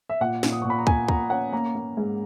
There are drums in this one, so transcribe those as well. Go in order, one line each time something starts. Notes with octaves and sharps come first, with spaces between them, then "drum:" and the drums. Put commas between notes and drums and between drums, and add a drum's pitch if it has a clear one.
E5
A#2 F#5
A#2, drum: snare
D#6
A#2 C#6
B5
A#5
A#2 G#5, drum: kick
A#2 A#5, drum: kick
C#4 F#5
A#3 A#5
A#3
G#2